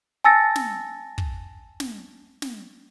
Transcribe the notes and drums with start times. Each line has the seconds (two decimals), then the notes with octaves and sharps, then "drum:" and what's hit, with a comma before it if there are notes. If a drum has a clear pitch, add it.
0.24 G#5 A5 E6 A6 A#6 C#7
0.56 drum: snare
1.18 drum: kick
1.80 drum: snare
2.42 drum: snare